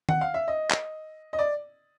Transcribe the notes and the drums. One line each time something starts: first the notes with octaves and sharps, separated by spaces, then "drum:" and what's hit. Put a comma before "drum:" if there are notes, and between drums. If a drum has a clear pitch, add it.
F#5, drum: tom D#3
F5
E5
D#5
drum: clap
D#5
D5